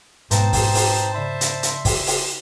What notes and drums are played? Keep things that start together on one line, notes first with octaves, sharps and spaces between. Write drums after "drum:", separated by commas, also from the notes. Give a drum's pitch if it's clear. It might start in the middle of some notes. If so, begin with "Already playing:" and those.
G#2 B2 C4 D#4 B4 C5 A5, drum: hi-hat
drum: kick, open hi-hat
drum: open hi-hat
C#3 D5 E5 B5 C6
drum: hi-hat
drum: hi-hat
drum: kick, open hi-hat
drum: open hi-hat